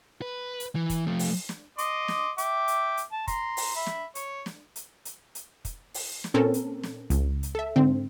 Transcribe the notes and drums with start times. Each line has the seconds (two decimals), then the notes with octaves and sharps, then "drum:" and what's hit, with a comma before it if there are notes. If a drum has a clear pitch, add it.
0.22 B4
0.60 drum: hi-hat
0.75 E3
0.90 drum: kick, hi-hat
1.07 F3 A3
1.19 drum: open hi-hat
1.49 drum: snare
1.78 D#5 C6 D6, drum: hi-hat
2.08 drum: snare
2.38 E5 G5 D6, drum: hi-hat
2.68 drum: hi-hat
2.97 drum: hi-hat
3.12 A5
3.28 A#5 C6, drum: kick, hi-hat
3.57 drum: open hi-hat
3.76 E5 B5
3.87 drum: snare
4.15 C#5, drum: hi-hat
4.46 drum: snare
4.76 drum: hi-hat
5.05 drum: hi-hat
5.35 drum: hi-hat
5.65 drum: kick, hi-hat
5.94 drum: open hi-hat
6.24 drum: snare
6.34 A#2 C4 C#4 A4 A#4
6.54 drum: hi-hat
6.83 drum: snare
7.10 C#2, drum: hi-hat
7.43 drum: hi-hat
7.55 A4 E5
7.76 G#2 D3 C4